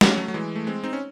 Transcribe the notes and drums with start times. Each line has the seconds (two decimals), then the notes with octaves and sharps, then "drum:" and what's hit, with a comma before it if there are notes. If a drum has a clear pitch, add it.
0.01 A3 C#4, drum: snare
0.18 F#3 A3
0.28 F#3
0.34 E3 G#3
0.56 A3
0.67 G#3 C4
0.84 C4 D#4
0.93 C#4